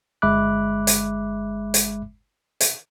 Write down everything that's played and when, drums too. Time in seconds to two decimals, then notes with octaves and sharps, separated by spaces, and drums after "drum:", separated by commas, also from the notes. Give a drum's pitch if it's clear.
0.22 G1 G#3 E5 B5 D6 F#6
0.87 drum: hi-hat
1.74 drum: hi-hat
2.61 drum: hi-hat